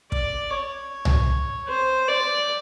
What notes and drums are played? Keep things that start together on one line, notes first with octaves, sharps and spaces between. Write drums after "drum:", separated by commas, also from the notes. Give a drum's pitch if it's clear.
D5, drum: kick
C#5
drum: tom C2
C5
D5